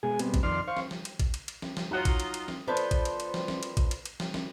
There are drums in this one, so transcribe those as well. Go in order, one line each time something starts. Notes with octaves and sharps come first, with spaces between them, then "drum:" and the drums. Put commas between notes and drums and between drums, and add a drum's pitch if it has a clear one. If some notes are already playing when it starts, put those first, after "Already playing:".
B2 G#3 G#4 G#5
B2 G3 B3 C4, drum: cymbal
drum: kick A1, cymbal
F2 D#3 D5 C6 F6
C5 F5 C#6
drum: snare
drum: snare
drum: cymbal
drum: kick A1, cymbal
drum: cymbal
drum: cymbal
drum: snare
drum: snare
F#3 D#4 F4 C#5 D#5 F#5
drum: kick A1, cymbal
drum: cymbal
drum: cymbal
drum: snare
F3 B3 D4 A4 B4 C5
drum: cymbal
drum: kick A1, cymbal
drum: cymbal
drum: cymbal
drum: snare
drum: snare
drum: cymbal
drum: kick A1, cymbal
drum: cymbal
drum: cymbal
drum: snare
drum: snare